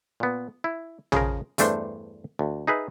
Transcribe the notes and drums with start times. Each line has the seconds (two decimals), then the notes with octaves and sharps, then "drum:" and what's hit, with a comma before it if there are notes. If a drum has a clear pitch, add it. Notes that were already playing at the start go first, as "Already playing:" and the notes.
0.20 A#2 B3
0.64 E4
1.12 C#3 F3 G#4 A#4, drum: tom
1.58 E2 G2 A3 D4 C5, drum: hi-hat
2.39 D2
2.67 D#4 G#4 B4 E5